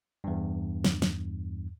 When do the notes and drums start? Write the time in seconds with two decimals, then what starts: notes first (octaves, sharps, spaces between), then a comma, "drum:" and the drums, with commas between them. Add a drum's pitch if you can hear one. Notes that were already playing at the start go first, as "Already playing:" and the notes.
0.24 E2 G2
0.84 drum: snare
1.02 drum: snare